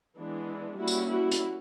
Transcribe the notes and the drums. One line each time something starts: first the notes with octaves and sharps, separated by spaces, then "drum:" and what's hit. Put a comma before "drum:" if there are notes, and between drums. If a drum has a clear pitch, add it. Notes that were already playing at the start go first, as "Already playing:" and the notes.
E3 G#3 B3 D4
G3 A#3 C#4 E4 F#4
drum: tambourine
E4 F#4
drum: hi-hat